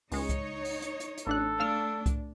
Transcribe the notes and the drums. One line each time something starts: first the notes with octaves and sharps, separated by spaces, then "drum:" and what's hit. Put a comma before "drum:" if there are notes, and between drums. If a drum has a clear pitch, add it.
C#2 G#3 D#4 C#5, drum: open hi-hat
drum: kick C2, hi-hat
drum: open hi-hat
drum: hi-hat
drum: hi-hat
drum: hi-hat
A1 D4 A4 F#6
A3 D4 F5 E6 F6
drum: kick C2, hi-hat